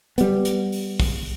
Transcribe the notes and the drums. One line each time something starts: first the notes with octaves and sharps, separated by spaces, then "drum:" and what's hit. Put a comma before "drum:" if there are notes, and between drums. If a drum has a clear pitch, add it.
G3 B3, drum: hi-hat
drum: hi-hat
drum: open hi-hat
drum: kick, open hi-hat